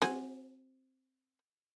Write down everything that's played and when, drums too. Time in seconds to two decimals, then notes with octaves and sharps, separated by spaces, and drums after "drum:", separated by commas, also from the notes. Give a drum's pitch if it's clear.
0.02 C4 F#4 G#4, drum: snare C4